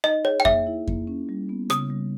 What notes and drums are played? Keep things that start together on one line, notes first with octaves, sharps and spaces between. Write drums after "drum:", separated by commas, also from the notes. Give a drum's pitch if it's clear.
D#4 D#5
G#4 C#5
G5
A#3 E5, drum: kick F2
E4
A#3, drum: kick F2
C#4
G3
B3
C#3 D#6, drum: rim click
G3